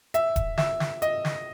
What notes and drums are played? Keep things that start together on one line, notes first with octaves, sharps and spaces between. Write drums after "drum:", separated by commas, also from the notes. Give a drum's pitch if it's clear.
E5, drum: hi-hat
drum: kick D#1, hi-hat
E5, drum: snare
drum: snare
D#5, drum: hi-hat
drum: snare